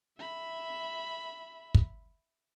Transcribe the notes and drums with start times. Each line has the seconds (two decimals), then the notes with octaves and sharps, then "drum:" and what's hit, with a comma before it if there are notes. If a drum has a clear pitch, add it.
0.18 E5 B5
1.75 drum: kick